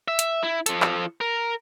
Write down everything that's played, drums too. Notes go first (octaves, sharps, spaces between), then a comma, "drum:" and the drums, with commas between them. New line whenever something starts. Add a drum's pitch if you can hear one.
E5
drum: hi-hat
E4
F3 A4, drum: hi-hat
drum: clap
A#4